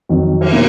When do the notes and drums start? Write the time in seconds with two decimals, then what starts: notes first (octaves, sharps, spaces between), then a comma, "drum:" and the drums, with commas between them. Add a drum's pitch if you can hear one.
0.09 F2 D#3 F#3
0.41 drum: cymbal
0.52 B2 A#3 D#4 F#4